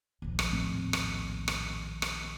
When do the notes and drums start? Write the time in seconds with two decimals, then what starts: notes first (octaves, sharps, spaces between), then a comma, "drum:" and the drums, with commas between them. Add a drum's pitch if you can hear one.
0.22 A#1 D#2
0.39 drum: rim click
0.52 A2 A3 C4
0.93 drum: rim click
1.48 drum: rim click
2.02 drum: rim click